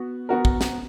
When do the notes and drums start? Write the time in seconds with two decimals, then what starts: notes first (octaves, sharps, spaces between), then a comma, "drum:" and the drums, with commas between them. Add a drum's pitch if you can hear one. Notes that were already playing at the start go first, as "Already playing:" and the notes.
Already playing: B3 F#4
0.29 B3 F#4 A#4
0.45 drum: kick
0.61 drum: snare